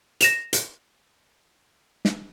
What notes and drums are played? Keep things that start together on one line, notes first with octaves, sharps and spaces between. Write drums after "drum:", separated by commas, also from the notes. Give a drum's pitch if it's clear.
A#6 E7 F7, drum: hi-hat
drum: hi-hat
drum: snare